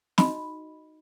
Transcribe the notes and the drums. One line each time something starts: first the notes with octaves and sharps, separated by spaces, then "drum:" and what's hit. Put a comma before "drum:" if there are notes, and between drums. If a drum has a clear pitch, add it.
D#4 F#4 D#5 B5, drum: snare